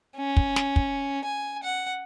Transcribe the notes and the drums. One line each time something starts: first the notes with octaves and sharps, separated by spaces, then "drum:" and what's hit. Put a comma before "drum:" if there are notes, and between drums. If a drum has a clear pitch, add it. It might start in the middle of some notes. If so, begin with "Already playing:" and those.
C#4
drum: kick
drum: snare
drum: kick
G#5
F#5